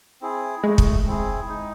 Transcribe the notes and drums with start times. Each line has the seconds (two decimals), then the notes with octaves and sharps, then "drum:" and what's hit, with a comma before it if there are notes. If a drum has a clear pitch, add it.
0.21 C4 E4 G#4
0.63 G#3 A3
0.78 drum: kick
1.07 C4 E4 G#4
1.49 D#4